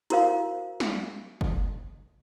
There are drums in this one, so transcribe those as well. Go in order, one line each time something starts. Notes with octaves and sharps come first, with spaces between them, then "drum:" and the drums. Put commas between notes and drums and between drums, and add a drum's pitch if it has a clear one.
E4 F#4 A#4 C5 F5, drum: hi-hat
drum: snare
drum: kick